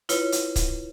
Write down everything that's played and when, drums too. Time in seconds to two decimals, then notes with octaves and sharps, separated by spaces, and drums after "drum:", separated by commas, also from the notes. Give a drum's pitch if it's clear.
0.09 E4 F4 B4 C#5, drum: hi-hat
0.32 drum: hi-hat
0.56 drum: kick C#1, hi-hat